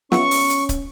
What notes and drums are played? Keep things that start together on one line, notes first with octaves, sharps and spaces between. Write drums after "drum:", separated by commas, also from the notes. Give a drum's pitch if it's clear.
B3 C#4 F4 E5 C#6, drum: snare
drum: open hi-hat
drum: hi-hat
drum: kick, hi-hat